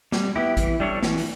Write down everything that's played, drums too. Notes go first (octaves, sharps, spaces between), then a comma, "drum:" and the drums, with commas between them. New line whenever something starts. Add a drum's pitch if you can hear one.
G3, drum: snare
B3 E4 G4
E3, drum: kick A1, hi-hat
G3 D4 A4 C#5
E3, drum: snare
drum: open hi-hat